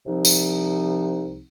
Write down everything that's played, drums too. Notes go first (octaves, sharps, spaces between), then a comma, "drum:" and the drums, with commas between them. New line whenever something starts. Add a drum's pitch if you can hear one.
C2 C3 F3 C4 D#4
drum: tambourine